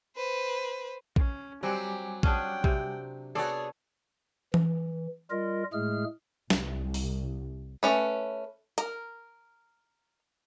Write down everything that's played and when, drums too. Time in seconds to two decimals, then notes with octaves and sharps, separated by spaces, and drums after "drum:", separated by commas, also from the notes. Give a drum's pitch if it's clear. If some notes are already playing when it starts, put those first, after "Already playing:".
0.16 B4 C5
1.16 C#4, drum: kick A#1
1.63 F#3 G3 C4 F#4 G4 G#5 D6
2.23 C#4 D4 G#4 F#5 G5, drum: kick A#1
2.64 C3, drum: kick A#1
3.35 B3 F#4 G#4 A4 C#5 D5
4.54 E3, drum: tom E3
5.30 G3 F4 A#4 D#5
5.73 A2 G#3 A3 G#4 F6
6.50 C2, drum: snare
6.94 drum: open hi-hat
7.83 A3 C#4 B4
8.78 A#4, drum: hi-hat